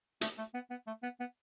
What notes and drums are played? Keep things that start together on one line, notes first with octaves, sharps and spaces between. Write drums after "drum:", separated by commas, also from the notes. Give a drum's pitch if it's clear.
A3, drum: hi-hat
A3
B3
B3
A3
B3
B3